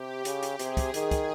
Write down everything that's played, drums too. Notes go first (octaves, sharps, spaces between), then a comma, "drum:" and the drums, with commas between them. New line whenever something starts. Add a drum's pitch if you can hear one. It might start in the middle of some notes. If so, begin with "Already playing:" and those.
Already playing: C3 G4
C#3, drum: hi-hat
drum: hi-hat
C3 G#4, drum: hi-hat
drum: kick, hi-hat
D#3, drum: hi-hat
drum: kick, hi-hat